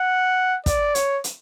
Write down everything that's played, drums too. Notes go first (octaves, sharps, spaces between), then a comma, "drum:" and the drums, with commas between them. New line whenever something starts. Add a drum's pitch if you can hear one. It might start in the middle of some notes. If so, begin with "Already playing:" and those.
Already playing: F#5
D5, drum: kick, hi-hat
C#5, drum: hi-hat
drum: hi-hat